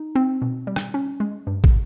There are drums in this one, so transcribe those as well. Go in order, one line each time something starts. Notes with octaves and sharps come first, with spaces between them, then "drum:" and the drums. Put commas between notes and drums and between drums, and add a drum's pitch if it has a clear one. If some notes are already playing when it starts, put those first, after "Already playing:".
Already playing: D#4
C4
B2
G3
drum: rim click
C#4
G#3
G2
drum: kick